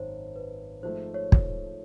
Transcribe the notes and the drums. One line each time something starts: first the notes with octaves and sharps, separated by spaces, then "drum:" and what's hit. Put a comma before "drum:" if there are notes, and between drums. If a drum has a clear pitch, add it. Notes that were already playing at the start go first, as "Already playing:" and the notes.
Already playing: G#1 F#2 D#3 C5 C#5
B4
G#2 F3 A3 C5
C#5
drum: kick